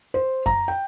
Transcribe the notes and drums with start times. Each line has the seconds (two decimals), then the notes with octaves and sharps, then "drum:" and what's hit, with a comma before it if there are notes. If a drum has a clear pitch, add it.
0.14 C5
0.46 A#5, drum: kick F#2
0.68 G5